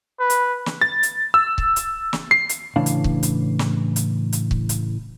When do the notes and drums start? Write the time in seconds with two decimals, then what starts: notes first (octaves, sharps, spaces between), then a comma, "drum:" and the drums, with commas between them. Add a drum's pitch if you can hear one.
0.20 B4
0.30 drum: hi-hat
0.66 drum: snare
0.81 A6
1.03 drum: hi-hat
1.34 E6
1.58 drum: kick C#1
1.76 drum: hi-hat
2.13 drum: snare
2.31 C7
2.49 drum: hi-hat
2.76 A2 C#3 E3 D4 F5
2.86 drum: hi-hat
3.04 drum: kick C#1
3.23 drum: hi-hat
3.59 drum: snare
3.96 drum: hi-hat
4.32 drum: hi-hat
4.51 drum: kick C#1
4.69 drum: hi-hat